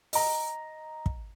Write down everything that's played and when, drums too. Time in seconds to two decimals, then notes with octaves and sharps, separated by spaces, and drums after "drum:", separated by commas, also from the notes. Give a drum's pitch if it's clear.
0.13 D#5 A#5, drum: open hi-hat
1.06 drum: kick